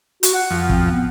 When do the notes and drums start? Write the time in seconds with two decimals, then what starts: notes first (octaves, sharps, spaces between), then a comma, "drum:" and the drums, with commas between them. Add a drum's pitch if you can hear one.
0.23 F#4, drum: hi-hat
0.34 F#5
0.51 F2 F3
0.69 C4, drum: kick
0.89 B3